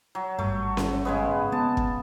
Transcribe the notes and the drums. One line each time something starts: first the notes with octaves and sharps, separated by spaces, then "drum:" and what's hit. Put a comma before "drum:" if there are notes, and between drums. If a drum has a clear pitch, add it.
F#3
G#1 G2 A3
drum: snare C#4
C#3 G#3 B3
B3 A5
drum: kick